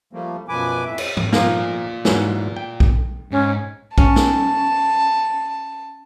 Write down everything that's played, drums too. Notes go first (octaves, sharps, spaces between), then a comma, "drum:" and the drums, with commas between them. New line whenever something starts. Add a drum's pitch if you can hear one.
F3 G3 A3 A#3
F#2 B2 F3 B4 G#5 D6
F2 A2 E5
drum: cymbal
drum: tom G#2
A#2 F3 A#3 F4, drum: snare
G#2 E3 F#3, drum: snare
G5
drum: kick A#1
G#2 C#4
C#4 A5, drum: kick A#1
drum: snare